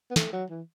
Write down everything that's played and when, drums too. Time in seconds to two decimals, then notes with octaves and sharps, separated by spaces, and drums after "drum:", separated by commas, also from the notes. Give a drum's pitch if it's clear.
0.10 B3
0.16 A3, drum: snare
0.33 F#3
0.50 E3